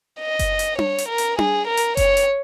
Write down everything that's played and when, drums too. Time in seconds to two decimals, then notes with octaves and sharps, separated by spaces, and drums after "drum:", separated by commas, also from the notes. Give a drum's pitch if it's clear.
0.20 D#5
0.39 drum: kick F#1, hi-hat
0.59 drum: hi-hat
0.79 C#5, drum: tom D4
0.98 drum: hi-hat
1.08 A#4
1.18 drum: hi-hat
1.39 G#4, drum: tom D4
1.68 A#4
1.77 drum: hi-hat
1.97 C#5, drum: kick F#1, hi-hat
2.17 drum: hi-hat